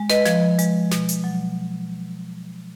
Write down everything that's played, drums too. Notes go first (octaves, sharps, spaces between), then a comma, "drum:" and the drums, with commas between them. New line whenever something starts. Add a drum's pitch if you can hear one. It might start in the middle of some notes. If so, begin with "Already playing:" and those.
Already playing: G#3
B4 D#5, drum: snare
F3, drum: snare
G#3, drum: hi-hat
B2, drum: snare
drum: hi-hat
F#3